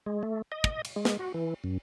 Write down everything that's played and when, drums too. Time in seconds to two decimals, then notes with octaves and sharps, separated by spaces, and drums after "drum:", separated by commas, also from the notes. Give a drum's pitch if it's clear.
0.06 G#3
0.23 A3
0.52 D#5
0.64 drum: kick
0.85 drum: cymbal
0.96 G#3
1.05 drum: snare
1.19 F#4
1.34 E3
1.64 F#2